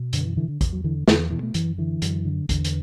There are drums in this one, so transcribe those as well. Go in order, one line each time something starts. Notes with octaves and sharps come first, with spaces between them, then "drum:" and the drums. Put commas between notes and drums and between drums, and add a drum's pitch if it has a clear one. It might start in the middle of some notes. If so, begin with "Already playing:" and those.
Already playing: B2
F#2 D3, drum: hi-hat
E3
D3 E3
D3
E2, drum: kick, hi-hat
F#3
D3 E3
E2 D3, drum: snare
E3
B2 E3
A3
F#2 E3, drum: hi-hat
D3 E3
F#2, drum: hi-hat
D3
E2 D3, drum: kick, hi-hat
drum: hi-hat